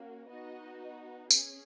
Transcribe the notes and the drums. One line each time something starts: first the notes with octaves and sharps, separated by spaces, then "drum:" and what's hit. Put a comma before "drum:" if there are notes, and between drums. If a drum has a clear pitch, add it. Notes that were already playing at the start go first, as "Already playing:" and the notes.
Already playing: A#3 C#4 F#4
B3 D#4 F#4 D#5
C#4 G#4, drum: tambourine